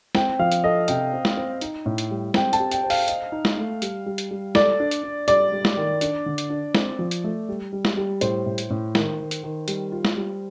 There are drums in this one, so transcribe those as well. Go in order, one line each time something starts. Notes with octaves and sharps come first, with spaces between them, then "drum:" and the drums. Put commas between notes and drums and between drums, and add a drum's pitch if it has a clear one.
C4 G5, drum: snare G#3
F3 F5
drum: hi-hat
A4 D#5
C3 G5, drum: hi-hat
C4
drum: snare G#3
C4
D#4, drum: hi-hat
A2
drum: hi-hat
G3
C4 G5, drum: snare G#3
A5, drum: hi-hat
G4
G5, drum: hi-hat
C5
F5, drum: open hi-hat
D#5, drum: hi-hat
D#4
drum: snare G#3
A3
G3, drum: hi-hat
G3
drum: hi-hat
G3
A4 D5, drum: snare G#3
D4
drum: hi-hat
D4
G3 D5, drum: hi-hat
G3
drum: snare G#3
D#3
D4, drum: hi-hat
D3
drum: hi-hat
D4
C4, drum: snare G#3
F3
drum: hi-hat
A3
G3
G3
drum: snare G#3
G3
A2 C5, drum: hi-hat
A2
drum: hi-hat
A2
D#3, drum: snare G#3
D#3
drum: hi-hat
D#3
G3, drum: hi-hat
F4
drum: snare G#3
G3